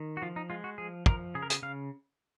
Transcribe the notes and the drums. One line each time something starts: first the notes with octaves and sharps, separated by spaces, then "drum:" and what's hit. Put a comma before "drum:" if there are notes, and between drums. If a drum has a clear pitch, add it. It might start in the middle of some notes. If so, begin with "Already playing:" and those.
Already playing: D#3
F#4
F3 F4
D#4
G#3 F4
F#4
F3 G#4
F3 A#4, drum: kick
C#3 G#4
A#4
G#4, drum: hi-hat
C#3 F5